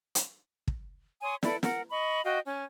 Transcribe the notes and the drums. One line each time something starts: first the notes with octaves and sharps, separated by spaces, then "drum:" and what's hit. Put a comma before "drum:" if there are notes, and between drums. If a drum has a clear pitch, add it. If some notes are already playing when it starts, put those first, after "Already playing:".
drum: hi-hat
drum: kick
C#5 G#5 C6 D#6
E4 A4 B4 D5, drum: snare
A#4 F#5, drum: snare
D#5 B5 C#6
F#4 D#5 F5 G5
C#4